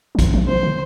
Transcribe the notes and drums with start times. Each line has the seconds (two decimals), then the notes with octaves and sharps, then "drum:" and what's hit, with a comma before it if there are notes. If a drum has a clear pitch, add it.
0.15 F3
0.19 E3, drum: kick A#1, hi-hat
0.34 F3
0.48 E3 C5
0.63 D3